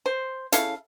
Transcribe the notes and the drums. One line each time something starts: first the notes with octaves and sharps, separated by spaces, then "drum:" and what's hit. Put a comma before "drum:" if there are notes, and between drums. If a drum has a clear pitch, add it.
C5
C#3 E4 A4 F5, drum: hi-hat